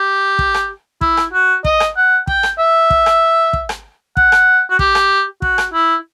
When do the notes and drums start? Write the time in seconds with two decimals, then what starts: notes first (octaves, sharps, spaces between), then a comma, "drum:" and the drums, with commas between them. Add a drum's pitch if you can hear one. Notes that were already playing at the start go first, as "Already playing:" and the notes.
Already playing: G4
0.39 drum: kick
0.54 drum: rim click
1.01 E4, drum: kick
1.17 drum: rim click
1.33 F#4
1.65 D#5, drum: kick
1.80 drum: rim click
1.97 F#5
2.27 G5, drum: kick
2.43 drum: rim click
2.58 E5
2.90 drum: kick
3.06 drum: rim click
3.53 drum: kick
3.69 drum: rim click
4.17 F#5, drum: kick
4.32 drum: rim click
4.70 F#4
4.79 G4, drum: kick
4.95 drum: rim click
5.42 F#4, drum: kick
5.58 drum: rim click
5.73 E4